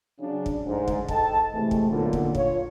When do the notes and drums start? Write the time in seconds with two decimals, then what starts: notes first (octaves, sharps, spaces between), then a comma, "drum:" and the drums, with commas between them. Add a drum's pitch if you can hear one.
0.20 C#3 F#3 D4
0.46 drum: kick
0.65 D2 G#2
0.88 drum: kick
1.08 A4 D#5 G5 A5, drum: kick
1.54 C3 E3 G#3 A3
1.71 drum: kick
1.89 B1 A#2 D3
2.13 drum: kick
2.35 F4 C#5, drum: kick